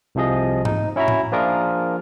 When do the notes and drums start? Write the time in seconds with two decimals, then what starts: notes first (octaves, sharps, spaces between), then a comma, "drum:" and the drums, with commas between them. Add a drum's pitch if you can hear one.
0.15 C2 C3 F3 G#4 D#5
0.65 D#4, drum: tom G#2
0.96 C#4 E4 F#4 E5 A#5
1.08 drum: tom A2
1.32 F3 A#3 D4 F4 G#4 A#4